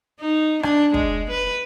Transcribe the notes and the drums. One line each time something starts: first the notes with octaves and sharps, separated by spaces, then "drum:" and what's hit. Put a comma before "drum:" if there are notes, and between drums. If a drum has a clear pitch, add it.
D#4
D4, drum: rim click
G#3, drum: kick
B4